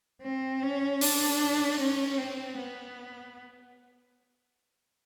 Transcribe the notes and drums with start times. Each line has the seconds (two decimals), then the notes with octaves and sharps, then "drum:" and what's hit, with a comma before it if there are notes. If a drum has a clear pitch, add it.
0.22 C4
0.62 C#4
1.01 D4, drum: open hi-hat
1.80 C#4
2.18 C4
2.58 B3